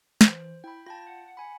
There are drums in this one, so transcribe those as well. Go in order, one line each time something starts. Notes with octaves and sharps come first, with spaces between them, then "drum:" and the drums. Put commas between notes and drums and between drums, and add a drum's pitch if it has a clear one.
E3 C5, drum: snare
E4 G5 B5
F4 G5 A5 A#6
F#5
G#5 B5